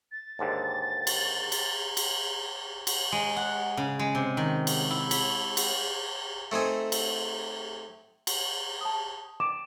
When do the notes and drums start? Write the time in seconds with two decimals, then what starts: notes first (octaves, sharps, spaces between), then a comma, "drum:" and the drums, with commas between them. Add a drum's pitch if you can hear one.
0.12 A6
0.39 D#2 G#2 D3
1.07 drum: cymbal
1.52 drum: cymbal
1.97 drum: cymbal
2.87 drum: cymbal
3.12 G#3
3.36 F#5
3.77 C#3
3.99 G#3
4.15 C3
4.37 D#3
4.67 drum: cymbal
4.91 E4
5.11 B5, drum: cymbal
5.57 drum: cymbal
6.52 A3 C4 D#4 G#5
6.92 drum: cymbal
8.27 drum: cymbal
8.81 A5 D#6
9.40 D6 E7